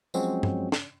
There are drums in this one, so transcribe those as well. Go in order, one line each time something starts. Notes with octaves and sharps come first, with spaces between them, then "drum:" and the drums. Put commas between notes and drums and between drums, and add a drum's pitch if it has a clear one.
F3 F#3 G#3 C4 C#4 F#4, drum: tambourine
drum: tom G2
drum: snare